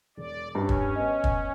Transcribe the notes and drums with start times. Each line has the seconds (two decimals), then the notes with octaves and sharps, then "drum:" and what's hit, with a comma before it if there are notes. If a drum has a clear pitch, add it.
0.17 E1 D5
0.55 G2 C#4
0.69 drum: kick
0.96 B3 D#5
1.24 drum: kick